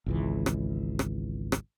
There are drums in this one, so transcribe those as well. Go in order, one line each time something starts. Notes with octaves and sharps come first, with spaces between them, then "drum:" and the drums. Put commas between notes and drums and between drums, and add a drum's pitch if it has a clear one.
G#1 C#2 E3
drum: rim click
drum: rim click
drum: rim click